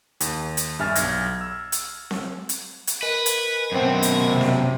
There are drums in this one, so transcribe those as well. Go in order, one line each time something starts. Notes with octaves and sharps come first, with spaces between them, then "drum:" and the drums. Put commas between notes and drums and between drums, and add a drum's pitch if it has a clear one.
D#2, drum: hi-hat
drum: hi-hat
G1 G2 E5 G#5 F6 A6
B1 G#6 A#6, drum: hi-hat
E6
drum: hi-hat
drum: snare C4
drum: hi-hat
drum: hi-hat
A#4 B4 D#5 G#5
drum: hi-hat
F#2 B2 C4
drum: hi-hat
C3
drum: snare C4